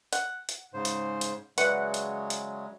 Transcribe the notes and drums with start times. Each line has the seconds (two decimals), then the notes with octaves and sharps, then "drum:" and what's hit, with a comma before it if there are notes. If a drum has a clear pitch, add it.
0.13 F#5, drum: hi-hat
0.49 drum: hi-hat
0.74 G#2 C#3 C5
0.85 drum: hi-hat
1.21 drum: hi-hat
1.58 C#3 F#3 G#3 B4 D5 E5 F#5 C#6, drum: hi-hat
1.94 drum: hi-hat
2.30 drum: hi-hat